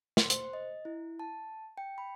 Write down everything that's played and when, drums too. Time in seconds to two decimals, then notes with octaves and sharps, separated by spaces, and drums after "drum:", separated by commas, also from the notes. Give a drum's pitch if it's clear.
0.17 C6, drum: snare
0.30 C5, drum: hi-hat
0.53 D#5
0.85 E4
1.20 A5
1.78 G5
1.98 B5